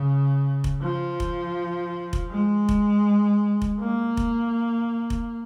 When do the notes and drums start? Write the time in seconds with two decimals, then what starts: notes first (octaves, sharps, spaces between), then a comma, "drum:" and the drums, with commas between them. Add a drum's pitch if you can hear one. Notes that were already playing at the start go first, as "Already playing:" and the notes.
Already playing: C#3
0.64 drum: kick F1
0.82 F3
1.20 drum: kick F1
2.13 drum: kick F1
2.31 G#3
2.69 drum: kick F1
3.62 drum: kick F1
3.80 A#3
4.17 drum: kick F1
5.10 drum: kick F1